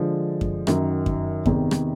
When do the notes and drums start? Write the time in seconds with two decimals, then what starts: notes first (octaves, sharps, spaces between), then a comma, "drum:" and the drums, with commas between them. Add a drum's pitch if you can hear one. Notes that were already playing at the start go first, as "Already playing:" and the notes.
Already playing: D3 F3 G#3
0.41 drum: kick F#2
0.67 F#2 D#3 F#3, drum: rim click
1.06 drum: kick F#2
1.46 E2 C3 D#3, drum: kick F#2
1.71 drum: rim click